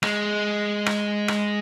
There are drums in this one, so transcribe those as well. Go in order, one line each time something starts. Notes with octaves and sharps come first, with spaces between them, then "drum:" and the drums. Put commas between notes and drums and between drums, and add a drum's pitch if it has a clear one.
G#3, drum: rim click
drum: rim click
drum: rim click